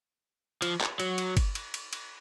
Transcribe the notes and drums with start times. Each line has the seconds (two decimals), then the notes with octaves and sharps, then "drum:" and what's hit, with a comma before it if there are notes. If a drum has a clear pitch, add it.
0.62 F3, drum: cymbal
0.81 drum: clap
1.00 F#3, drum: cymbal
1.18 drum: cymbal
1.37 drum: kick G1, cymbal
1.55 drum: cymbal
1.74 drum: cymbal
1.93 drum: cymbal